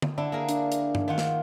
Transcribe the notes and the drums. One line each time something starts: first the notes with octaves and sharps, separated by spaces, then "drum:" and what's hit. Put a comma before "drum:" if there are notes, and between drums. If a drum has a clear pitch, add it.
drum: tom
D3 D4 E4
A#3 G#4 A#4
D4, drum: hi-hat
drum: hi-hat
drum: tom G2
D#3 F4 F#5
drum: snare